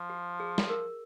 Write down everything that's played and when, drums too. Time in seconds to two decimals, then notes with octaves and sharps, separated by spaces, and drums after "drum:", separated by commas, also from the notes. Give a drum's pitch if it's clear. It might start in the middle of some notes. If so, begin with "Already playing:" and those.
Already playing: F3
0.10 G4
0.40 G#4
0.58 drum: snare
0.69 A#4